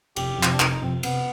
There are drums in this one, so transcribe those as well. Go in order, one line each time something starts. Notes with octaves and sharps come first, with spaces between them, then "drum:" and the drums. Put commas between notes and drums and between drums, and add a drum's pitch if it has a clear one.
F1 G4, drum: cymbal
F2
C3, drum: clap
D4
F1 D#4, drum: clap
D#4
F2 C3 C4
C3 B3, drum: cymbal